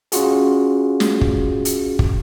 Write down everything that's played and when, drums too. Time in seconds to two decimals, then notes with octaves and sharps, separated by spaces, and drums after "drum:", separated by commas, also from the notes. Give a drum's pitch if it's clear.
0.12 C#4 F4 F#4 G#4, drum: hi-hat
1.00 drum: snare
1.21 drum: kick
1.65 drum: hi-hat
1.99 drum: kick